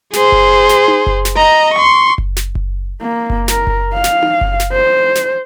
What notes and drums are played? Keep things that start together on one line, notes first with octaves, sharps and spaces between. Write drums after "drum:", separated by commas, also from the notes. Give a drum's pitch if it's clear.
G#4 C5, drum: snare
drum: kick F#1
drum: snare
drum: tom D#4
drum: kick F#1
drum: snare
D#5 A#5
C6 C#6
drum: kick F#1
drum: snare
drum: kick F#1
A#3
drum: kick F#1
A#4, drum: snare
drum: kick F#1
F5
drum: snare
drum: tom D#4
drum: kick F#1
drum: snare
C5
drum: snare